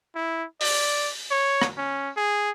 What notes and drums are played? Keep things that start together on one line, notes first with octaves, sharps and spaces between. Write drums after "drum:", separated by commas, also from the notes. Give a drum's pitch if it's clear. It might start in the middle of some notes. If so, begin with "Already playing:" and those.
E4
D5, drum: open hi-hat
C#5
drum: rim click
C#4
G#4